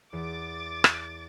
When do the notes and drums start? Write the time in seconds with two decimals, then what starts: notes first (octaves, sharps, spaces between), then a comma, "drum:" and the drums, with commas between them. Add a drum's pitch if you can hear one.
0.13 E2 D6 A6 D7
0.84 drum: rim click